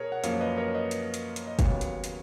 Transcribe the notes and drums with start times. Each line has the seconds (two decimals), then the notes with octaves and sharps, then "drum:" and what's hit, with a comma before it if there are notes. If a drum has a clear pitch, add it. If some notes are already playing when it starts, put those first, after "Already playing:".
Already playing: B2 G#4 A#4 C#5
0.12 F#5
0.24 F#2 F3 A#3 C#5 F5, drum: hi-hat
0.41 B4 D#5
0.57 A#4 C#5
0.75 B4 D#5
0.91 drum: hi-hat
1.14 drum: hi-hat
1.36 drum: hi-hat
1.47 D#5
1.59 D#2 C#3 F#3 B3 C#5 F5, drum: kick, hi-hat
1.81 drum: hi-hat
2.04 drum: hi-hat